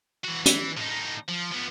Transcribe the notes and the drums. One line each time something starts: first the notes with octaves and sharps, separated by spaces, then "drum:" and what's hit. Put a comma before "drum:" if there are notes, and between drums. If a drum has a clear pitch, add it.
E3 F#4
E3, drum: hi-hat
A2 D#4
F3
F3 B3